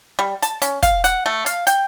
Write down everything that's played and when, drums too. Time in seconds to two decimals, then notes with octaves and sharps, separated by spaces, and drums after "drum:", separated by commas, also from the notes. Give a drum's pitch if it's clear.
0.19 G3
0.42 A5, drum: hi-hat
0.62 C#4, drum: hi-hat
0.83 F5, drum: kick, hi-hat
1.04 F#5, drum: hi-hat
1.26 A3
1.46 F5, drum: hi-hat
1.67 G5, drum: hi-hat